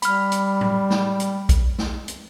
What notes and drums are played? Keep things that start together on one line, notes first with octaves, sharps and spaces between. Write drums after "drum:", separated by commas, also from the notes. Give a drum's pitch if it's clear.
G3 B5 F6, drum: hi-hat
drum: hi-hat
drum: tom A2
drum: snare
drum: hi-hat
drum: kick A#1, hi-hat
drum: snare
drum: hi-hat